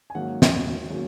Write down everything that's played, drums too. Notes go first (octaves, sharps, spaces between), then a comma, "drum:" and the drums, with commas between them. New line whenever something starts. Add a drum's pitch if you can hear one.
G#5
G#2 D#3 F#3 A#3 C#4 F#5
drum: snare
D#3 F#3 A#3 C#4